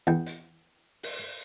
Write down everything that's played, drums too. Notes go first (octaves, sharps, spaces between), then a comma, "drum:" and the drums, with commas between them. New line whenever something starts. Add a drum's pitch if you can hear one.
E2 G5
drum: hi-hat
drum: open hi-hat